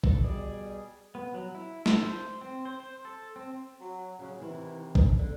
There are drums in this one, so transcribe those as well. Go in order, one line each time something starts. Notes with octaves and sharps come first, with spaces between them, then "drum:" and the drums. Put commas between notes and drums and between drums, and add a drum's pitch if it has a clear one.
E3 A4, drum: kick A1
B2 G3 G#4 D5
B3
F#3
E4
A4, drum: snare
C5
C4
C5
C5
A4
C4
F#3
C#3 F#3
C3 D#3 E3 B3 E4
drum: kick A1
D3 A#3